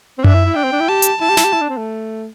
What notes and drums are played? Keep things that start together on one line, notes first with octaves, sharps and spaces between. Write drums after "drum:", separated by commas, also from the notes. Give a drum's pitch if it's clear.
C4
D4 E5, drum: tom F#2
E4
E4
D4 G5
C4
D4
E4
G4 A5
drum: hi-hat
E4 A5
G4
E4, drum: snare
G4
E4
D4
C4
A3